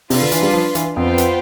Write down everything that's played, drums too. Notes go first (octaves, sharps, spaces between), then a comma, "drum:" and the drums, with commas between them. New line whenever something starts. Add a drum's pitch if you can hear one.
C3 D4 F4 B4, drum: open hi-hat
D3
E3, drum: hi-hat
G3
F3
E3, drum: hi-hat
F2 B3 F4 C5 G5
drum: hi-hat